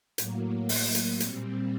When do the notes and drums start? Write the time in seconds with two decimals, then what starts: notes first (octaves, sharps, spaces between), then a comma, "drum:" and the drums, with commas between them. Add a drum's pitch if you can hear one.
0.18 A2 F#3 A#3, drum: hi-hat
0.69 drum: open hi-hat
0.95 drum: hi-hat
1.20 A#2 G3 C4, drum: hi-hat